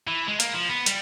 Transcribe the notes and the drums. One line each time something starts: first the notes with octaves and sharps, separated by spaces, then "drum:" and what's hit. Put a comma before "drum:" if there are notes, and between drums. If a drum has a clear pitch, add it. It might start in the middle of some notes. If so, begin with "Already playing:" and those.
E3
G#3
A#3, drum: hi-hat
F3
B3
G3, drum: hi-hat